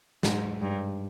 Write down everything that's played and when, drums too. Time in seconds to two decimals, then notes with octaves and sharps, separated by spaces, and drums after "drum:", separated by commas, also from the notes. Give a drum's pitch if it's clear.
0.23 G#2, drum: snare
0.61 G2